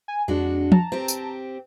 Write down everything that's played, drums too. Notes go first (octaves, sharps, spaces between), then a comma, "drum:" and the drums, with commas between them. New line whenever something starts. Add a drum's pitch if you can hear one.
G#5
F2 G#3 D4 F#4
A5 A#5, drum: tom
C4 G4
drum: tambourine